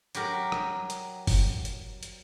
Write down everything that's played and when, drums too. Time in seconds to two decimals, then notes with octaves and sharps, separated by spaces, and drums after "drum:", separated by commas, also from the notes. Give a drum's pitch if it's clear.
0.15 F#3 G4 A#4, drum: hi-hat
0.52 drum: rim click
0.90 drum: hi-hat
1.27 drum: kick, open hi-hat
1.65 drum: hi-hat
2.03 drum: hi-hat